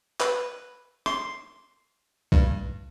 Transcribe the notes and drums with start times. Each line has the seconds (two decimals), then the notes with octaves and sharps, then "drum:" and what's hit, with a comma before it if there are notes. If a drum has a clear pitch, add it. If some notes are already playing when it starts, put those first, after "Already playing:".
0.20 B4, drum: clap
1.06 C6, drum: rim click
2.32 G2, drum: kick B1